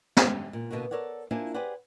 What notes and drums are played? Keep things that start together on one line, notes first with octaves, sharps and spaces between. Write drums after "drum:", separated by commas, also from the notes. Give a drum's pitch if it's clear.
F#2 D3 G4, drum: snare
A#2
B2 D3 A#3 F#4
A4 A#4 C#5 D5 F#5
A#3 D4 E4 F4 C5 G#5
G4 G#4 B4 C5 D5 F#5